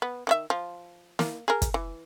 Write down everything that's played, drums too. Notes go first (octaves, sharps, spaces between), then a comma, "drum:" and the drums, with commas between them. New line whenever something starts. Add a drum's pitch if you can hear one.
B3
D#3 F#4 E5
F3
A#3, drum: snare
G#4 A#4
drum: kick, hi-hat
E3